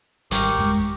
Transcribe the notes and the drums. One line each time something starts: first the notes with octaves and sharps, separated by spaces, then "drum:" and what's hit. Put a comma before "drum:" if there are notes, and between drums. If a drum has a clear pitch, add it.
G#1 G#2 G3 G4 A#4 C#6, drum: hi-hat
F1 G#3